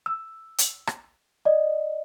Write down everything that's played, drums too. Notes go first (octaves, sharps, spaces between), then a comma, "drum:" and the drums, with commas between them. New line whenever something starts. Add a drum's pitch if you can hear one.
E6
drum: hi-hat
drum: rim click
D5 D#5